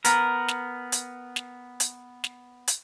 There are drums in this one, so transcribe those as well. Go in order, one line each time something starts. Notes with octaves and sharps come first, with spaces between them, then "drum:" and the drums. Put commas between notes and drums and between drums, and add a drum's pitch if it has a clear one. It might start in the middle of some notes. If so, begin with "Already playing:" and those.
B3 A#4, drum: hi-hat
drum: snare
drum: hi-hat
drum: snare
drum: hi-hat
drum: snare
drum: hi-hat